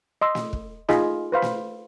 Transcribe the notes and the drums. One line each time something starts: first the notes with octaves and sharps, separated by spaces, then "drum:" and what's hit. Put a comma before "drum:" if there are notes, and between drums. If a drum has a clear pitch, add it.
D#5 C6 E6
drum: snare
drum: kick
D#4 F4 G#4 D#5 B5, drum: snare
B4 C5 F5 B5
drum: snare